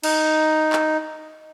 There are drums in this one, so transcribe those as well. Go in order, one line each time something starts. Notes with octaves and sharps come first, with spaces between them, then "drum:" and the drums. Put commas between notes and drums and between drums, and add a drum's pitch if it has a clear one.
D#4, drum: cymbal
drum: clap